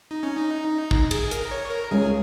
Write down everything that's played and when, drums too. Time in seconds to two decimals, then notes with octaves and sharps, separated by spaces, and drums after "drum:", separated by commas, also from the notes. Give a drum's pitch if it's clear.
0.11 D#4
0.23 C#4
0.37 D#4
0.91 drum: kick
1.11 G#4, drum: cymbal
1.31 A#4, drum: hi-hat
1.51 C#5
1.70 A#4
1.91 C#2 C#3 G#3 C#4 G#4